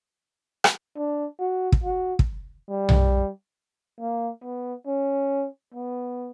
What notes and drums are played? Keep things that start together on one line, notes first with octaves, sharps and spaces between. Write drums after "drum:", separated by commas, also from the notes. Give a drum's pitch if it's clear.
drum: rim click
D4
F#4
drum: kick
F#4
drum: kick
G3
drum: tom B1
A#3
B3
C#4
B3